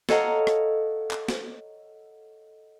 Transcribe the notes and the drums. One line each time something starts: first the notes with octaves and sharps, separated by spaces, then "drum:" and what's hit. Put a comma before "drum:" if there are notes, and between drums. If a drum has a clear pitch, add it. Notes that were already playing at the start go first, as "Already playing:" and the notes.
A4 C#5 D#5 F5 F#5 A#5, drum: snare
drum: rim click
drum: clap
drum: snare